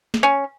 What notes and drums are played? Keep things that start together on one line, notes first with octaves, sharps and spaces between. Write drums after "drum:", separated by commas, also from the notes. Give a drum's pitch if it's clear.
drum: snare
C#4